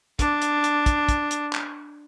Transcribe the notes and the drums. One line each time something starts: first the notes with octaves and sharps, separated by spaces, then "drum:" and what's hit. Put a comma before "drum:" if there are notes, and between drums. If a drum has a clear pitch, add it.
D4, drum: kick, hi-hat
drum: hi-hat
drum: hi-hat
drum: kick, hi-hat
drum: kick, hi-hat
drum: hi-hat
drum: clap